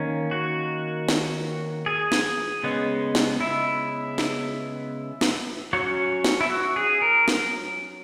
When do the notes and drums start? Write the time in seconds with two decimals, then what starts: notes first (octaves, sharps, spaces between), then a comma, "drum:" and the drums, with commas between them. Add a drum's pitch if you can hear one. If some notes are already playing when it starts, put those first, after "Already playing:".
Already playing: D#3 A#3 C#4
0.31 F#4
1.08 drum: snare
1.86 G#4
2.12 drum: snare
2.64 C#3 G#3 B3
3.15 drum: snare
3.41 E4
4.18 drum: snare
5.21 drum: snare
5.73 F#3 C#4 F#4
6.24 drum: snare
6.41 E4
6.50 F#4
6.76 G#4
7.02 A#4
7.28 drum: snare